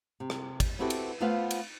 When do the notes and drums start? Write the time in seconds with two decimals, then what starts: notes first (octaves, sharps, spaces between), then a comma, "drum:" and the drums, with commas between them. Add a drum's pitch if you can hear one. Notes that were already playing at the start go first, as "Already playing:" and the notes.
0.20 C3
0.30 drum: rim click
0.60 drum: kick, cymbal
0.79 B3 C4 E4 F#4 G4 A4
0.90 drum: cymbal
1.20 A3 B3 F4 C5 F5 F#5
1.51 drum: cymbal